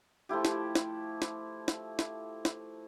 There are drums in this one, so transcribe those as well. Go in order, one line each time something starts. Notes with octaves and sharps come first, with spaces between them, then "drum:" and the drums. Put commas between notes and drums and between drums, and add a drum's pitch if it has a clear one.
F3 A3 E4 G4
drum: snare
drum: snare
drum: snare
drum: snare
drum: snare
drum: snare